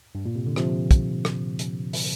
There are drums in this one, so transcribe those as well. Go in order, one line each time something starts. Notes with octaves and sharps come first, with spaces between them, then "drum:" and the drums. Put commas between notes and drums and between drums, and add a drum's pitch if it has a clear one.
G2
A#2
C3
D3
C3 F3, drum: rim click
drum: kick, hi-hat
drum: rim click
drum: hi-hat
drum: open hi-hat